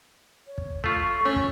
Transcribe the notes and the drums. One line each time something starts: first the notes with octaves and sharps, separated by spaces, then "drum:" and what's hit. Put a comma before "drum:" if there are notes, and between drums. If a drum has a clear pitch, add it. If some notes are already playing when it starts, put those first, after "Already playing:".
C#5
drum: kick
A3 F4 C#6, drum: kick
A3 C#4
drum: kick